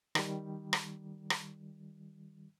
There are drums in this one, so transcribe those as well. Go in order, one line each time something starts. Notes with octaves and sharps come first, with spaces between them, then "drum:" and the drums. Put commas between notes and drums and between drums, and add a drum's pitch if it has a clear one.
D#3 G3, drum: rim click
drum: rim click
drum: rim click